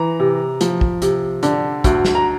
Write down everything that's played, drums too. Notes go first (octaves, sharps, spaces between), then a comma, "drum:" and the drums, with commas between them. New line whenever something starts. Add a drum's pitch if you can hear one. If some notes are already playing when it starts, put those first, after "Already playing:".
Already playing: E3 A#5
C3
F3, drum: hi-hat
drum: kick
C3, drum: hi-hat
D3, drum: hi-hat
D2, drum: kick, hi-hat
drum: snare
A#5